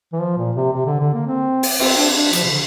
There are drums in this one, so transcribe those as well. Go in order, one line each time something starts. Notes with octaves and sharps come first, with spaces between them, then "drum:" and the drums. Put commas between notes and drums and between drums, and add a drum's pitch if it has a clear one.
E3
F3
A#2
C3
C3
D3
D3
A#3
C4
drum: open hi-hat
C4, drum: cymbal
D4
D4
F3, drum: hi-hat
C3
D3